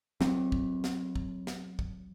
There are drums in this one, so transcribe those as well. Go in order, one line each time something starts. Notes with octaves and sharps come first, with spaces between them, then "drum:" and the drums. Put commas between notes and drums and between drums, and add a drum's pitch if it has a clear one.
F#3 C4, drum: snare
drum: kick
drum: snare
drum: kick
drum: snare
drum: kick